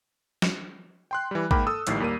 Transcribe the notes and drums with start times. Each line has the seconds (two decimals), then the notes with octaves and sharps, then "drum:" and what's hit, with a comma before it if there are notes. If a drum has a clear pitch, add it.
0.42 drum: snare
1.11 G5 C6 F#6
1.31 E3 G3
1.51 G#2 A#3 A#4 G5 B5 D6, drum: kick
1.67 A4 D#6 E6
1.87 A#1 A2 D#3 G3 C7, drum: hi-hat
2.00 D#2 G3 A#3 A#4 D#7